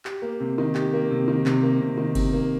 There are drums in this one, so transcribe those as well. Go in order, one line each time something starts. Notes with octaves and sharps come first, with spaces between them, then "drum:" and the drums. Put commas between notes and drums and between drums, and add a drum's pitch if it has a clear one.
G4, drum: clap
A#3
C3
D#3
G4, drum: clap
A#3
C3
D#3
C3, drum: clap
A#3
C3
D#3
C3, drum: kick F#1, cymbal
A#3